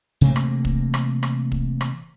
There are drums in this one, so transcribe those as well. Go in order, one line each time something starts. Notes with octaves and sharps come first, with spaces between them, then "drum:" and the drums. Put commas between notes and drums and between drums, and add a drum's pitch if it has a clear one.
C3 E3 A3 A#3
drum: rim click
drum: kick
drum: rim click
drum: rim click
drum: kick
drum: rim click